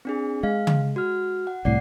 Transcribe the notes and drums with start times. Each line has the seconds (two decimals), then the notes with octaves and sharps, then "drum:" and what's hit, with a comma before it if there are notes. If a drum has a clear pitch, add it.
0.05 C4 D4 G#4
0.43 G#3 F5
0.67 drum: tom C#3
0.96 F#4 F6
1.47 F#5
1.65 C2 A2 D5 F#5 C7